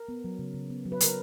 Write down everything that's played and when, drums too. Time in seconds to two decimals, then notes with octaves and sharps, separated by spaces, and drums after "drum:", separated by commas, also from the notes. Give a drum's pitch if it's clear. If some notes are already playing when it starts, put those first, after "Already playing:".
Already playing: A#4
0.08 B3
0.24 F#3
0.39 C#3
0.54 C#3
0.70 B3
0.85 F#3
0.92 B4
1.00 C#3 A#4, drum: hi-hat